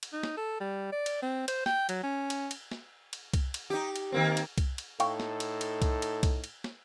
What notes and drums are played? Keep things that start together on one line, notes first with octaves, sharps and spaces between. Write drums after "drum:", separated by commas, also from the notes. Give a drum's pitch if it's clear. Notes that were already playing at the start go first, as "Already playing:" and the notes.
drum: cymbal
D#4
drum: snare
A4
G3
D5
drum: cymbal
C4
C5, drum: cymbal
G5, drum: snare
F#3, drum: cymbal
C#4
drum: cymbal
drum: cymbal
drum: snare
drum: cymbal
drum: kick C2, cymbal
drum: cymbal
D#4 G4
drum: cymbal
D#3 A#3 C4
drum: cymbal
drum: kick C2, cymbal
drum: cymbal
A2 D#4 A4 F5 G5 C#6, drum: cymbal
drum: snare
drum: cymbal
drum: cymbal
drum: kick C2, cymbal
drum: cymbal
drum: kick C2, cymbal
drum: cymbal
drum: snare